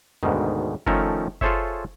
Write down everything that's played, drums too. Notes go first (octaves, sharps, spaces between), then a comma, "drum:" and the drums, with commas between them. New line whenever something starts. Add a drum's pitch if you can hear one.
D2 G#2 B2 D#3, drum: tom E2
D#3 F3 A3 C#4 A4 A#4, drum: kick F#1
F4 G#4 A4 C5 C#5 E5, drum: kick F#1